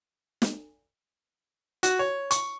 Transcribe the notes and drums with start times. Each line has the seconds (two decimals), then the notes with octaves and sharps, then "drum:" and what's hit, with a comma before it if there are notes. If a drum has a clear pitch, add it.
0.42 drum: snare
1.83 F#4, drum: hi-hat
1.99 C#5
2.31 C#6, drum: hi-hat